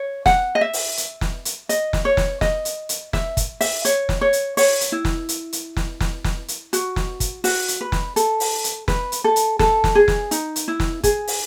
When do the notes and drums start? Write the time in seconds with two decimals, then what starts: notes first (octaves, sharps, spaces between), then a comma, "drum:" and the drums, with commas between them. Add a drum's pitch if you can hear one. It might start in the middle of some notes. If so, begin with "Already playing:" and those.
Already playing: C#5
0.26 F#5, drum: snare
0.55 D#5
0.61 E5
0.73 drum: open hi-hat
0.97 drum: hi-hat
1.21 drum: snare
1.45 drum: hi-hat
1.69 D#5, drum: hi-hat
1.93 drum: snare
2.05 C#5
2.17 drum: snare
2.41 D#5, drum: snare
2.65 drum: hi-hat
2.89 drum: hi-hat
3.13 E5, drum: snare
3.37 drum: kick, hi-hat
3.61 E5, drum: open hi-hat
3.85 C#5, drum: hi-hat
4.09 drum: snare
4.21 C#5
4.33 drum: hi-hat
4.57 C#5, drum: open hi-hat
4.81 drum: hi-hat
4.92 E4
5.05 drum: snare
5.29 drum: hi-hat
5.53 drum: hi-hat
5.76 drum: snare
6.00 drum: snare
6.24 drum: snare
6.48 drum: hi-hat
6.73 F#4, drum: hi-hat
6.96 drum: snare
7.20 drum: kick, hi-hat
7.44 F#4, drum: open hi-hat
7.68 drum: hi-hat
7.81 B4
7.92 drum: snare
8.16 A4, drum: hi-hat
8.40 drum: open hi-hat
8.64 drum: hi-hat
8.88 B4, drum: snare
9.12 drum: hi-hat
9.24 A4
9.36 drum: hi-hat
9.59 A4, drum: snare
9.84 drum: snare
9.95 G#4
10.08 drum: snare
10.31 D#4, drum: hi-hat
10.56 drum: hi-hat
10.68 E4
10.80 drum: snare
11.03 G#4, drum: kick, hi-hat
11.28 drum: open hi-hat